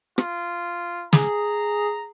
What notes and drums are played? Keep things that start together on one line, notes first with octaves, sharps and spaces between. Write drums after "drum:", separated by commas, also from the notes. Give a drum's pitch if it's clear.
F4, drum: rim click
G#4 A#5, drum: snare